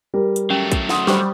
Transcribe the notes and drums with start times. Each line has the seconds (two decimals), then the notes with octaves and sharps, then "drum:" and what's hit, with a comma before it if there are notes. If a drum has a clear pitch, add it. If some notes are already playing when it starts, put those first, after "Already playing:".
0.14 G3 G4 A#4
0.36 drum: hi-hat
0.50 F#3 A3 C#4
0.72 drum: kick, hi-hat
0.89 F#5 C6 D#6, drum: snare
1.07 G3 G4 C5, drum: snare